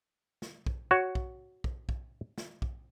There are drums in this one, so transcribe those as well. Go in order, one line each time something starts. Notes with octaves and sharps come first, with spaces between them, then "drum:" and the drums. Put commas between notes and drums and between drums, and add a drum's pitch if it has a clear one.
drum: snare
drum: kick
F#4 C#5
drum: kick
drum: kick
drum: kick
drum: snare
drum: kick